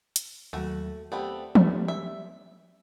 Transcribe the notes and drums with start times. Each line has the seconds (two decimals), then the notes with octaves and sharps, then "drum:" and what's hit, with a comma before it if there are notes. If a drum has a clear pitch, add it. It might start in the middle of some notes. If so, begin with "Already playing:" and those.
0.16 drum: hi-hat
0.53 D#2 F#3 A3 F#4
1.12 A3 B3 C4 G4 D5
1.55 A3, drum: tom E3
1.88 E5